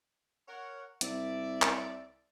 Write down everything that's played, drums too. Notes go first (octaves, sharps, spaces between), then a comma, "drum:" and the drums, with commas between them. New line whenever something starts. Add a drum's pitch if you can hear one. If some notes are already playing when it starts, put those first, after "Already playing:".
A#4 C#5 F#5
C2 D5 E5, drum: hi-hat
drum: clap